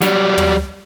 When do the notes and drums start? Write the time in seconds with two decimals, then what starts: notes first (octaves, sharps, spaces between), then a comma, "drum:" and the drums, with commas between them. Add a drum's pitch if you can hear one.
0.01 F#3 G3, drum: snare
0.38 drum: tom